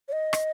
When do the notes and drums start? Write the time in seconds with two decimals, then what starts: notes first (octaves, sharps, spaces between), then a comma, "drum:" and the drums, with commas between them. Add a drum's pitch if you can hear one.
0.08 C#5
0.12 D#5
0.33 drum: rim click